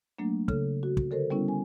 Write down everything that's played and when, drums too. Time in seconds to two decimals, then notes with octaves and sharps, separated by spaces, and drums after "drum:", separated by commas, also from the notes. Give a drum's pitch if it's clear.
0.19 F#3 A3 A#3 D4
0.48 C#3 A4, drum: kick
0.83 F#4
0.97 drum: kick
1.11 D3 A4 A#4 C5
1.30 G3 B3 C#4 E4
1.48 G#5